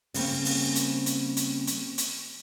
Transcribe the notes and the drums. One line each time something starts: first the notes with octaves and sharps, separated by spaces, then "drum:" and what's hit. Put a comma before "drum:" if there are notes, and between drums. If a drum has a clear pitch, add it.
C#3 G3 A#3 C4, drum: open hi-hat
drum: open hi-hat
drum: hi-hat
drum: hi-hat
drum: hi-hat
drum: hi-hat
drum: hi-hat